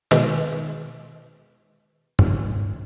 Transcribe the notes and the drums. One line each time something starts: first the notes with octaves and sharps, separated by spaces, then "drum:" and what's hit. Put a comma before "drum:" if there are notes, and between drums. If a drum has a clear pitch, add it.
B2 D#3 G#3, drum: clap
drum: tom